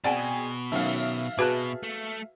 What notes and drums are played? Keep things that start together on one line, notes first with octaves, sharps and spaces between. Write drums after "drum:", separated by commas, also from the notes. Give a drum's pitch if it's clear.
B2 C4 G#4 D5 F#5 G#5
D#3 F#3 C#4 E5 F5, drum: open hi-hat
B2 F#4 G#4 B4 A5 F#6
A3